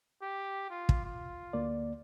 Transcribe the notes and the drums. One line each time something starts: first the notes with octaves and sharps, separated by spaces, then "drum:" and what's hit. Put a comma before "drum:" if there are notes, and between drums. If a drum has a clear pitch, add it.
G4
F4
drum: kick
F4
D2 A#3 D5